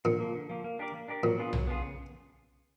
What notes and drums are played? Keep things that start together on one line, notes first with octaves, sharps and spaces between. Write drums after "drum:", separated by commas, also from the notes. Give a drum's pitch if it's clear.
A#2 D3
F3 A#3
D3
F3 A#3
A#3
D4 G4 A#4 D5
A#3
D4 G4 A#4 D5
A#2 F#3
B3 D4 F4 G#4
F#3, drum: tom B1
B3 D4 F4 G#4
C#3